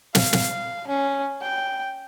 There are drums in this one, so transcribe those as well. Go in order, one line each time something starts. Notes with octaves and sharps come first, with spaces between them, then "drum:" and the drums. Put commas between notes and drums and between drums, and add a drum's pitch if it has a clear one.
F5, drum: snare
drum: snare
C#4
G5